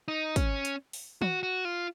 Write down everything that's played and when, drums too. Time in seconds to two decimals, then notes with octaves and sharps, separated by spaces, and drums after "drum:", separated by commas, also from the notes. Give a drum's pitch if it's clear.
0.08 D#4
0.36 C#4, drum: kick, hi-hat
0.65 drum: hi-hat
0.93 drum: open hi-hat
1.21 F#4, drum: tom
1.43 F#4
1.65 F4